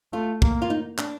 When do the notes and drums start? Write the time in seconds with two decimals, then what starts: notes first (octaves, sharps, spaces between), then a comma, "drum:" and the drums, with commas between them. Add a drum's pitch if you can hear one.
0.13 A3 F4
0.42 A#3, drum: kick
0.62 F4
0.70 D#4
0.98 D4, drum: clap